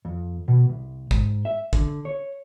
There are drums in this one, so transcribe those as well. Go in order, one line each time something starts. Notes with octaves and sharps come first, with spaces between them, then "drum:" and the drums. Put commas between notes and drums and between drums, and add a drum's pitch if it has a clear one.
F2
B2
C2
G#2, drum: kick
E5
D3, drum: kick
C#5